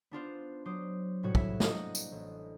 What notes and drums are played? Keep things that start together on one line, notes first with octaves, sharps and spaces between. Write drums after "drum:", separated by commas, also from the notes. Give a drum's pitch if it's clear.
B3 D4 F4 C5
F#3 C5 D6 D#6
A2 C3 G3 F#4 C#5 F#5
E4 E5, drum: kick
A#3 C4 D4 F#4 D#5 F#5, drum: snare
drum: tambourine
A1